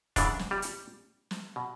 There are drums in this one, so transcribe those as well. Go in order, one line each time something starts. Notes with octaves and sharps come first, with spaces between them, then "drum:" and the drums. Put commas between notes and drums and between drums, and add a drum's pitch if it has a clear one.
F#2 C#3 E3 D4, drum: kick, hi-hat
drum: snare
G3
drum: hi-hat
drum: snare
B2